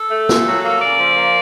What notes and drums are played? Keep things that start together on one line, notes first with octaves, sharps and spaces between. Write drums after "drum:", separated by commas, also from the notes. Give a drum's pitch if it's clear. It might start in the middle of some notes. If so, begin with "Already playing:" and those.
Already playing: A4
A3
A#2, drum: snare
F#3
A#3
C#3 D5
F3
A#3